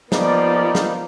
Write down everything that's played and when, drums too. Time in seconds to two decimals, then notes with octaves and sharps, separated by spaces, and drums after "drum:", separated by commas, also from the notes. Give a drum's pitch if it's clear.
0.12 F3 G3 A#3 B3 D#4 D5, drum: snare
0.75 drum: snare